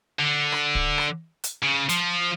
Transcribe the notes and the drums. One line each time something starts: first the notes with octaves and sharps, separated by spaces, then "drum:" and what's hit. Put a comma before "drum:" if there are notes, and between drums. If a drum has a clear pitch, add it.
D3
drum: rim click
drum: kick
drum: rim click
drum: hi-hat
C#3
F3, drum: hi-hat